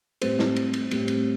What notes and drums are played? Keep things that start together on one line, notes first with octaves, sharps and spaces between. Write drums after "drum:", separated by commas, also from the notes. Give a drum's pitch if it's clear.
A2 G3 C4 C5, drum: cymbal
drum: snare
drum: cymbal
drum: cymbal
A2 G3 C4, drum: cymbal
drum: cymbal